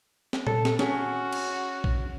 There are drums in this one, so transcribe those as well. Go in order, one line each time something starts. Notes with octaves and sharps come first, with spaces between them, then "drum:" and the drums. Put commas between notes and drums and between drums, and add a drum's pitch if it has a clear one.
drum: snare
A4, drum: tom A#2
drum: snare
C#4 F#4 G#4, drum: snare
drum: cymbal
drum: kick A#1